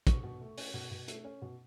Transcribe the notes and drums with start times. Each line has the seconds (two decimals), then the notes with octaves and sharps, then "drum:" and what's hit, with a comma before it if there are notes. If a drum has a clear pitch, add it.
0.07 B2 C#6, drum: kick, hi-hat
0.23 B2
0.41 A3
0.58 C#4, drum: open hi-hat
0.74 B2
0.91 B2
1.08 A3, drum: hi-hat
1.25 C#4
1.42 B2